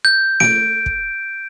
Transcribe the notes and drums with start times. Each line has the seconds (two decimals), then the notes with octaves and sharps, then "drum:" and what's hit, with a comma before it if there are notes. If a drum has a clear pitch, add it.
0.05 G6
0.40 D7, drum: snare
0.86 drum: kick